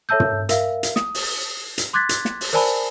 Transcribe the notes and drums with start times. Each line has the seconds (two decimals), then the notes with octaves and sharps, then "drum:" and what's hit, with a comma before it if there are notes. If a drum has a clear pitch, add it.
0.09 A4 C#5 E5 A5 E6 G6
0.20 drum: tom
0.49 A#4 E5 F5, drum: hi-hat
0.83 drum: hi-hat
0.96 D#6, drum: snare
1.15 drum: open hi-hat
1.78 drum: hi-hat
1.93 C6 D6 F#6 G#6 A6 B6
2.09 drum: hi-hat
2.25 drum: snare
2.41 drum: open hi-hat
2.53 A#4 C5 D5 G#5 A5 B5